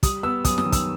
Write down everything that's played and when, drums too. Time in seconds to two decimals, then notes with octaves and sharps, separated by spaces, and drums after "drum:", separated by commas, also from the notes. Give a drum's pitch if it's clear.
0.03 G3 D#6, drum: kick, hi-hat
0.23 B3 E6
0.45 F#2 D#6, drum: kick, hi-hat
0.58 D#6, drum: snare
0.65 D#3
0.72 E6, drum: kick, hi-hat